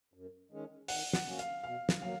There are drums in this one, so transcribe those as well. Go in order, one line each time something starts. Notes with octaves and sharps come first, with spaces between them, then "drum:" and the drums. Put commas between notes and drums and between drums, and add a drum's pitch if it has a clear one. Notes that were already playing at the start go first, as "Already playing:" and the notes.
F#2
D#3 G#3 C#4 G#4
D#3 F#5, drum: open hi-hat
F#5, drum: snare
A#3 C#4 F#4
F5, drum: hi-hat
B2 F5
drum: snare
F#3 A#3 F5